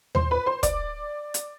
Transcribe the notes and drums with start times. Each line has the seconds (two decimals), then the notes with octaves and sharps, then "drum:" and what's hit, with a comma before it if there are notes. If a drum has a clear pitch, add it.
0.15 C5 C6, drum: tom D#2
0.31 B4 B5
0.46 C5 C6
0.63 D5 D6, drum: kick, hi-hat
1.34 drum: hi-hat